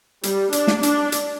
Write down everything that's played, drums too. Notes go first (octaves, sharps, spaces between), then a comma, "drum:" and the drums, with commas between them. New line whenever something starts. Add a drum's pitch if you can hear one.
G3, drum: hi-hat
D4, drum: hi-hat
drum: snare
D4, drum: hi-hat
drum: hi-hat